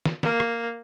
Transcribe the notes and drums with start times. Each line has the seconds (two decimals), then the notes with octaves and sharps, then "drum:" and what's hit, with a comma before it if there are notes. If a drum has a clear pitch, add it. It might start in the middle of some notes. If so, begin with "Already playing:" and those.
0.05 drum: snare
0.23 A#3, drum: snare
0.40 drum: rim click